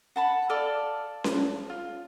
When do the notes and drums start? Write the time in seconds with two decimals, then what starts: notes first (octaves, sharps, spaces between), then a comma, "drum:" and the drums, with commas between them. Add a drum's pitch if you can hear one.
0.16 F#5 A5 B5
0.49 A4 D5 F5
1.24 drum: snare C#4
1.70 F4